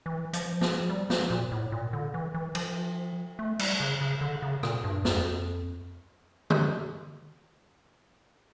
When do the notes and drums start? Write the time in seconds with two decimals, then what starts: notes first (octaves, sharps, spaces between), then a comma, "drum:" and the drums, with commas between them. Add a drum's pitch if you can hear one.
0.06 E3
0.33 F3, drum: hi-hat
0.61 F3, drum: snare
0.89 G3
1.10 F3, drum: snare
1.30 A#2
1.52 A2
1.72 A#2
1.93 D3
2.14 E3
2.34 E3
2.55 F3, drum: cymbal
3.39 A3
3.59 G3, drum: cymbal
3.80 C#3
4.01 C#3
4.21 D3
4.42 C#3
4.63 A#2, drum: rim click
4.84 G2
5.05 F2, drum: snare
6.50 drum: tom D3